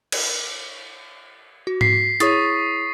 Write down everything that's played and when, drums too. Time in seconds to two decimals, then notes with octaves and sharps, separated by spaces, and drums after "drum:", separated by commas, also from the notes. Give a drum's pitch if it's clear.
0.12 drum: cymbal
1.67 F#4
1.81 B6 C7, drum: tom G#2
2.20 E4 G#4 C#5 C#6 D#6 A6, drum: hi-hat